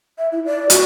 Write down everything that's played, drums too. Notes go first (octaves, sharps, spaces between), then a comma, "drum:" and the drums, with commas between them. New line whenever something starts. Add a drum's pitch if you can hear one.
E5
E4
D5
F#4, drum: hi-hat